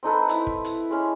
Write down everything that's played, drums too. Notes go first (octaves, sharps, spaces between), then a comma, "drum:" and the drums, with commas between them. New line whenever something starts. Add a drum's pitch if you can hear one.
C4 D#4 A4 B4
E4 E5, drum: hi-hat
drum: kick
drum: hi-hat
G#3 C#4